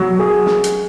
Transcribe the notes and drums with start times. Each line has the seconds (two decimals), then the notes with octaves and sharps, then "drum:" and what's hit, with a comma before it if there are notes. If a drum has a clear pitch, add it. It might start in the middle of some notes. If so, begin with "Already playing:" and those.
Already playing: B2 F#3
0.19 G#4
0.46 drum: snare
0.64 drum: hi-hat